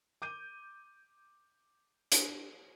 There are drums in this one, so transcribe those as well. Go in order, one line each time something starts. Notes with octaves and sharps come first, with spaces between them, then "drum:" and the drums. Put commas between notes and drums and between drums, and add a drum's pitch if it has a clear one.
D6 G6 D#7
D4 G4, drum: hi-hat